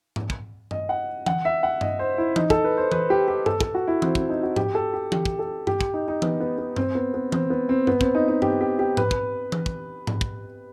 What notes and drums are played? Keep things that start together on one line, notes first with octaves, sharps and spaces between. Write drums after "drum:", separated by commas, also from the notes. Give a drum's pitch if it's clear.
drum: tom G#2
drum: kick
D#5, drum: tom G2
F#5
F#5, drum: tom E3
E5
F#5
D#5, drum: tom G2
C5
E4
D#4, drum: tom E3
A4, drum: kick
B4
C5
B4, drum: tom E3
G4
G4
A4, drum: tom G2
A4, drum: kick
F#4
E4
C4, drum: tom E3
C4, drum: kick
D#4
F#4
G4, drum: tom G#2
A4
G4
G4, drum: tom E3
drum: kick
A4
G4, drum: tom G2
drum: kick
D#4
D#4
B3, drum: tom E3
B3
B3
C4, drum: tom G2
B3
B3
C4, drum: tom E3
B3
C4
B3, drum: tom G2
C4, drum: kick
D#4
D#4
G4, drum: tom G2
G4
G4
B4, drum: tom G#2
drum: kick
drum: tom E3
drum: kick
drum: tom G#2
drum: kick